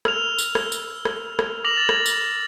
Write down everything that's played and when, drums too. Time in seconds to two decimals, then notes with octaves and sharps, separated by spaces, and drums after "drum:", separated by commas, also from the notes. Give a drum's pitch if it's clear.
0.05 E6 F6 F7, drum: rim click
0.39 drum: tambourine
0.55 drum: rim click
0.72 drum: tambourine
1.05 drum: rim click
1.39 drum: rim click
1.64 D6 A#6 F7 F#7
1.77 A6
1.89 drum: rim click
2.06 drum: tambourine